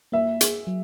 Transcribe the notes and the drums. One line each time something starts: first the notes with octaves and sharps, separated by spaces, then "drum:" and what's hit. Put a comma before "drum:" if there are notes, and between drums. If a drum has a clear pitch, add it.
A#3 E5
G#4, drum: hi-hat
F#3